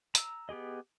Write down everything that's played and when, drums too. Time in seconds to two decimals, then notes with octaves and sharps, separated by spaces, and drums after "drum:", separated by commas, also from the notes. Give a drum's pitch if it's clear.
0.15 A#5 E6, drum: hi-hat
0.49 B3 G4 G#4 D#5